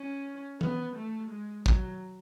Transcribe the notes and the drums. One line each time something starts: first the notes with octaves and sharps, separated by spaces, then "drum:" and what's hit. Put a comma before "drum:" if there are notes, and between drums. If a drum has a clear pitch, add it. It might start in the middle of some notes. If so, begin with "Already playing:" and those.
Already playing: C#4
B3, drum: tom E3
A3
G#3
F#3, drum: kick